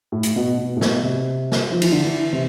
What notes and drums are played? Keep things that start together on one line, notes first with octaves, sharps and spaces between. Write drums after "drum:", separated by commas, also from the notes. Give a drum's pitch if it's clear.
A2
drum: hi-hat
B2
B2
A2
B2, drum: snare
C3
drum: snare
F3
E3, drum: cymbal
D3
E3
C3